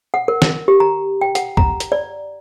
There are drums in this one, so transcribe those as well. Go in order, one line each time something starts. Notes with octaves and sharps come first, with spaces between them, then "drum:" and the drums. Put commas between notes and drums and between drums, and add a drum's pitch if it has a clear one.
F#5
A#4
drum: snare
G4
A#5
G5
F#5, drum: hi-hat
A#5, drum: kick
drum: hi-hat
D5